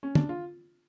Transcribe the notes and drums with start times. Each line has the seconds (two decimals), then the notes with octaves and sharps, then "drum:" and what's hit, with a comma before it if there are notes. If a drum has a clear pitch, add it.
0.03 C#4
0.15 D4, drum: tom
0.29 F4